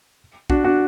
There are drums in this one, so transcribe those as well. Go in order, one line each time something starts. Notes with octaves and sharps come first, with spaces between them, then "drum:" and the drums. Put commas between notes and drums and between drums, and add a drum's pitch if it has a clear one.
D4 F#4, drum: kick
D4 F#4